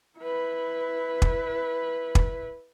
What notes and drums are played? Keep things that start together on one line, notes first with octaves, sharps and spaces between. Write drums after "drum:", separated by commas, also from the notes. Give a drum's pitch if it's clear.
E4 B4
drum: kick
drum: kick